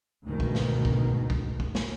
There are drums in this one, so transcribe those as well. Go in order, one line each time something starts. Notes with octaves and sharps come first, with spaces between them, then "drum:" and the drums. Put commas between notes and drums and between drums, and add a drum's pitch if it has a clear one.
D2 G#2 B2 D#3
drum: kick
drum: snare
drum: kick
drum: kick
drum: kick
drum: snare